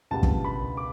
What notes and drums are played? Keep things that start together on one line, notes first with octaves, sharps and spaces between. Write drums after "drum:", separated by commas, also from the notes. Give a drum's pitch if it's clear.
C#2 B2 G3 B3 A5
drum: kick
B5
D6